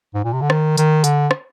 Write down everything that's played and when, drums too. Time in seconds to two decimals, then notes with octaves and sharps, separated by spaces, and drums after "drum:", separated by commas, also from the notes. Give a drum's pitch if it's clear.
0.14 G#2
0.24 A#2
0.33 C3
0.41 D3
0.50 D#3, drum: rim click
0.77 D#3, drum: hi-hat
1.04 D3, drum: hi-hat
1.31 drum: rim click